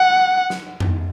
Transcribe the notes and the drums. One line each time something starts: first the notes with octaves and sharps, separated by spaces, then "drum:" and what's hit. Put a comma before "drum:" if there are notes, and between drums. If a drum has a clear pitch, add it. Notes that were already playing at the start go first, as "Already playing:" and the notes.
Already playing: F#5
drum: snare
drum: tom F2